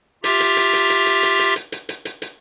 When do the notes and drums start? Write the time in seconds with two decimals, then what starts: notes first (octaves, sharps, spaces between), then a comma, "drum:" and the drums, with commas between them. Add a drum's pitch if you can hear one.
0.24 F4 G4 E5 A#5, drum: hi-hat
0.40 drum: hi-hat
0.57 drum: hi-hat
0.73 drum: hi-hat
0.90 drum: hi-hat
1.06 drum: hi-hat
1.23 drum: hi-hat
1.39 drum: hi-hat
1.56 drum: hi-hat
1.72 drum: hi-hat
1.89 drum: hi-hat
2.05 drum: hi-hat
2.22 drum: hi-hat